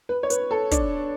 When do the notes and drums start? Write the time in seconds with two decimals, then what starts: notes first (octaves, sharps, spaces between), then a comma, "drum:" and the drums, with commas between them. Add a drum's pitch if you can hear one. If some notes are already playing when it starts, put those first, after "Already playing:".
0.09 B4
0.23 C#5
0.30 B4, drum: hi-hat
0.51 A4
0.71 D4, drum: kick, hi-hat